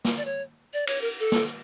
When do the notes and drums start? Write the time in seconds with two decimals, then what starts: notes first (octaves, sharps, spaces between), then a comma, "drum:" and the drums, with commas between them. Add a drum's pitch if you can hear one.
0.05 drum: snare
0.17 D5
0.25 C#5
0.73 D5
0.87 C#5, drum: cymbal
1.02 A#4
1.20 A4
1.32 drum: snare